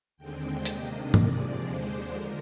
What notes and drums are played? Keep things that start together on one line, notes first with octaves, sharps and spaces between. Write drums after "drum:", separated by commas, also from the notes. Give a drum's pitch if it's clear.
D#2 D3 G#3 C4 G5
C3 D#3 A#3 D4 D#5, drum: hi-hat
C3 F3 G#3 D5, drum: tom G#2
D#2 D3 G#3 D4 C5
D3 F3 A#4